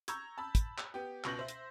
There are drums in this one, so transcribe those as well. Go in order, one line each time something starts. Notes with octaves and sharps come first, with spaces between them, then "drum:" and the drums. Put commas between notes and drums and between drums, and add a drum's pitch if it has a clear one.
A#5 C#6 E6 G6 G#6, drum: hi-hat
A5 B5 E6
drum: kick, hi-hat
drum: clap
B3 G4
C#2 B2 C#6 G6 A#6 F#7, drum: clap
C5 E5
drum: hi-hat